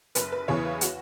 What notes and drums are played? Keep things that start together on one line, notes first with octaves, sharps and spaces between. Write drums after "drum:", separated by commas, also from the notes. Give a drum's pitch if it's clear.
F#1 B4, drum: hi-hat
B4
E2 C#3 E3 C#5
B4
F#4, drum: hi-hat